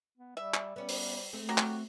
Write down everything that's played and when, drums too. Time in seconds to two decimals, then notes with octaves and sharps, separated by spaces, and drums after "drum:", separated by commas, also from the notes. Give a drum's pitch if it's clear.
0.18 B3
0.37 G3 E5
0.54 drum: clap
0.76 G3 B3 C#4
0.89 drum: open hi-hat
1.33 A3 C4 G#4
1.49 F#3 F#4 G4
1.58 drum: clap